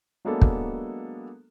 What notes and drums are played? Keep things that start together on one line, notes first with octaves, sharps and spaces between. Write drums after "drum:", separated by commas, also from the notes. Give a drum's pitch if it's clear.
F#3 G#3 A#3 B3 D4 A4
drum: kick